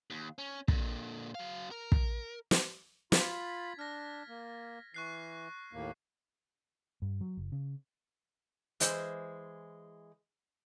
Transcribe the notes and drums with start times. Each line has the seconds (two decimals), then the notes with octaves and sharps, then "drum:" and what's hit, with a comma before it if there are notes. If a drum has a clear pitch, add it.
0.10 D#2
0.38 C#4
0.68 A#2 D3, drum: kick
1.35 F#3 F5
1.71 A#4
1.92 drum: kick
2.51 drum: snare
3.12 F4 B5 G#6 A6 B6, drum: snare
3.79 D4 F6 A#6
4.29 A#3
4.94 E3 C#6 F#6 C7
5.73 D#2 A2 A#3
7.02 G2
7.21 F#3
7.37 F#1
7.52 C#3
8.80 E3 G#3 C5, drum: hi-hat